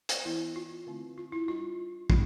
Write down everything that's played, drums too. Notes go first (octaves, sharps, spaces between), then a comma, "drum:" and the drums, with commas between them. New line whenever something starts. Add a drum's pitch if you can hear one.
C5, drum: hi-hat
E3 B3 E4
F4
D3 A3 C4 E4
F4
E4
G3 D4 F4
D3 D4 F4, drum: kick